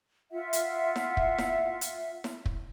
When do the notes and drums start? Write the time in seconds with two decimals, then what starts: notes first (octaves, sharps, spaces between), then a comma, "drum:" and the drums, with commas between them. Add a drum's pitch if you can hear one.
0.31 F4 E5 F#5
0.53 drum: hi-hat
0.96 drum: snare E4
1.17 drum: kick
1.38 drum: snare E4
1.81 drum: hi-hat
2.24 drum: snare E4
2.46 drum: kick